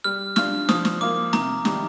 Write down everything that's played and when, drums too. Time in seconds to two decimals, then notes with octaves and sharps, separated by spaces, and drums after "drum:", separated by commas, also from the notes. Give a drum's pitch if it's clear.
0.04 G3 F6
0.36 D4 F4 F6, drum: snare
0.69 F3 D#6, drum: snare
0.85 drum: snare
1.01 A#3 F4 D6
1.33 C3 A#5, drum: snare
1.65 D#3 G3, drum: snare